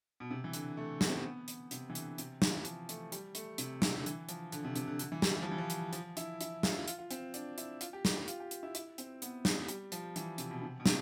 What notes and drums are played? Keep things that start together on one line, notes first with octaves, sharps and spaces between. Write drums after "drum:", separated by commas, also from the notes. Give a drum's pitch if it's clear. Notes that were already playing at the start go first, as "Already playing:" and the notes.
B2
C3
E3
D3, drum: hi-hat
A3
B3, drum: snare
C4
B3
drum: hi-hat
C3, drum: hi-hat
E3
D3, drum: hi-hat
C3, drum: hi-hat
E3, drum: snare
F3, drum: hi-hat
A3, drum: hi-hat
G3, drum: hi-hat
A3, drum: hi-hat
C3, drum: hi-hat
C3, drum: snare
D3
E3, drum: hi-hat
F3, drum: hi-hat
D3, drum: hi-hat
C3
C3, drum: hi-hat
D3
D3, drum: hi-hat
E3
G3, drum: snare
G3
F3
E3
F3
drum: hi-hat
F3, drum: hi-hat
E4, drum: hi-hat
E4, drum: hi-hat
F4, drum: snare
F4, drum: hi-hat
F4
C4, drum: hi-hat
D4, drum: hi-hat
E4, drum: hi-hat
F4, drum: hi-hat
G4
G4, drum: snare
G4
F4, drum: hi-hat
G4
drum: hi-hat
E4
E4, drum: hi-hat
C4, drum: hi-hat
B3, drum: hi-hat
drum: snare
G3, drum: hi-hat
F3, drum: hi-hat
E3, drum: hi-hat
C3, drum: hi-hat
B2
C3
B2
C3, drum: snare